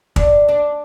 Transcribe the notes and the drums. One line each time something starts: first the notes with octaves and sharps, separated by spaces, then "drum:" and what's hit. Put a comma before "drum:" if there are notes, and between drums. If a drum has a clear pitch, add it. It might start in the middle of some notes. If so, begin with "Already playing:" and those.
D4, drum: kick
D4